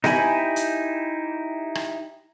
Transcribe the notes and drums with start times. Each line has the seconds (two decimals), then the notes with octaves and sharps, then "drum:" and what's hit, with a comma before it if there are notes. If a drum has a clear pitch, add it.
0.04 D#4 E4 G4 G#5 B5, drum: snare B3
0.56 drum: hi-hat
1.75 drum: rim click